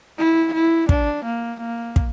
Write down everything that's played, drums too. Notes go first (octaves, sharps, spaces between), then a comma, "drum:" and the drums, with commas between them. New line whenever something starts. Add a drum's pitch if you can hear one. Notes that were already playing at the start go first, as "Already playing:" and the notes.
E4
E4
D4, drum: kick
A#3
A#3
drum: kick